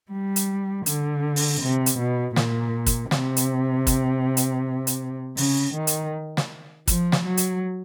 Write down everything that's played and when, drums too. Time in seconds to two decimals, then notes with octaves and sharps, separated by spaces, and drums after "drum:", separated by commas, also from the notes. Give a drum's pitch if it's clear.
0.11 G3
0.36 drum: hi-hat
0.86 D3, drum: hi-hat
1.36 drum: open hi-hat
1.61 C3
1.86 drum: hi-hat
1.99 B2
2.36 A#2, drum: snare
2.86 drum: kick, hi-hat
3.11 C3, drum: snare
3.37 drum: hi-hat
3.87 drum: kick, hi-hat
4.37 drum: hi-hat
4.87 drum: hi-hat
5.37 C#3, drum: open hi-hat
5.74 D#3
5.87 drum: hi-hat
6.37 drum: snare
6.87 F3, drum: kick, hi-hat
7.12 drum: snare
7.25 F#3
7.37 drum: hi-hat